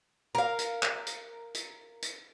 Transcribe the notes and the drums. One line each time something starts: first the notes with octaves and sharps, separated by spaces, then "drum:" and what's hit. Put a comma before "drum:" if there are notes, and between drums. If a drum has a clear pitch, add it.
A#4 F5
drum: hi-hat
drum: clap
drum: hi-hat
drum: hi-hat
drum: hi-hat